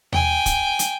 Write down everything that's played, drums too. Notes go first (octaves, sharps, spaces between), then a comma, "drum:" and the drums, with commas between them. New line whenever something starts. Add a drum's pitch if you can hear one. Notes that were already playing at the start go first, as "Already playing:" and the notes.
G5 G#5, drum: tom D#2
drum: kick, hi-hat
drum: hi-hat